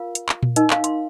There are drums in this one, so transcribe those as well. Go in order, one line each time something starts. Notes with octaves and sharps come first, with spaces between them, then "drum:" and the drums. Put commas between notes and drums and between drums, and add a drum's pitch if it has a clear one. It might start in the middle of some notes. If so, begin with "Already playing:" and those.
Already playing: F4 A#4 F5
drum: hi-hat
drum: clap
drum: tom A#2
D#4 A#4 D#5, drum: hi-hat
F5, drum: clap
C6, drum: hi-hat